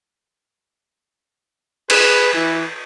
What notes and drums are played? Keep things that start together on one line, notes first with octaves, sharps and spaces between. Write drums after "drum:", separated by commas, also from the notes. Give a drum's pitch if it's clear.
G#4 B4, drum: cymbal
E3